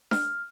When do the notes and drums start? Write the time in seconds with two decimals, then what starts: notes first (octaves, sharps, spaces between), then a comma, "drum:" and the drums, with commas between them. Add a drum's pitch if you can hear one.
0.11 F6, drum: snare D4